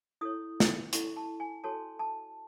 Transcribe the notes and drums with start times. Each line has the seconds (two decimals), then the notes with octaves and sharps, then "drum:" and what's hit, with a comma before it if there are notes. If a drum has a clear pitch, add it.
0.21 E4 A4 C#5 D#6
0.60 drum: snare
0.93 C#4 E4 A4 C#6, drum: hi-hat
1.16 A5
1.40 G#5
1.64 F#4 A4 C#5 A5
1.99 A5